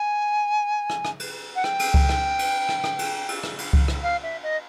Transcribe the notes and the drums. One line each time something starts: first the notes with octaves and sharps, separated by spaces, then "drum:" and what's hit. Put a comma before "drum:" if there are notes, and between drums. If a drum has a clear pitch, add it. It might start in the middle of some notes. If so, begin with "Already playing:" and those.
Already playing: G#5
drum: rim click
drum: rim click
drum: cymbal
F#5
G5, drum: rim click
drum: cymbal
drum: kick C#2
drum: rim click
drum: cymbal
drum: rim click
drum: rim click
drum: cymbal
drum: cymbal
drum: rim click
drum: cymbal
drum: kick C#2
drum: rim click
F5
E5
D#5